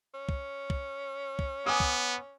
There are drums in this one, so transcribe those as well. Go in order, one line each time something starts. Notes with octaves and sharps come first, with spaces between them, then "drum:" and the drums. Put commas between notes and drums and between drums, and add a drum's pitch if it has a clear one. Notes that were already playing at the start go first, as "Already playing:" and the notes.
C#4
drum: kick
drum: kick
drum: kick
B3 G#5 D6 D#6
drum: kick